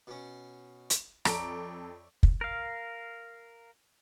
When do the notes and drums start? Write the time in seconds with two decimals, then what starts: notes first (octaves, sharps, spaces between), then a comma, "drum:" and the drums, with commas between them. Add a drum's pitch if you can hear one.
0.07 B2 C#4
0.90 drum: hi-hat
1.25 F2 A4 C#5 D5 E5 A5 A#5 D7, drum: rim click
2.23 drum: kick
2.41 A#4 F5